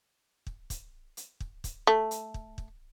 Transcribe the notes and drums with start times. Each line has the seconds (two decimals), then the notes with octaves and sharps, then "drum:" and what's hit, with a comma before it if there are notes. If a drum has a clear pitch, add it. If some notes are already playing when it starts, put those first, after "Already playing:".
0.47 drum: kick
0.70 drum: kick, hi-hat
1.17 drum: hi-hat
1.40 drum: kick
1.64 drum: kick, hi-hat
1.87 A3
2.11 drum: hi-hat
2.34 drum: kick
2.58 drum: kick